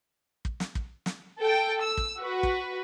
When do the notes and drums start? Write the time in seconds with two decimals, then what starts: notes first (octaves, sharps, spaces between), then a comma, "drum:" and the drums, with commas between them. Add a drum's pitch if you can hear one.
0.45 drum: kick
0.60 drum: snare
0.75 drum: kick
1.06 drum: snare
1.40 A4 G5
1.82 E6
1.97 drum: kick
2.18 F#4 B4
2.43 drum: kick